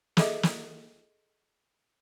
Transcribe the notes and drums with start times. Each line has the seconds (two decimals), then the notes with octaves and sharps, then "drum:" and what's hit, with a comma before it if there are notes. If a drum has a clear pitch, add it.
0.17 G#4 A4 D#5 E5, drum: snare
0.43 drum: snare